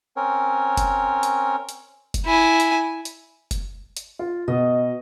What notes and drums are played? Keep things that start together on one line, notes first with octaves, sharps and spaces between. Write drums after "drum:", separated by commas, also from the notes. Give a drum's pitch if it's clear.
C4 C#4 A#4 C#5
drum: kick F1, hi-hat
drum: hi-hat
drum: hi-hat
drum: kick F1, hi-hat
E4 G#5
drum: hi-hat
drum: hi-hat
drum: kick F1, hi-hat
drum: hi-hat
F4
B2 D#5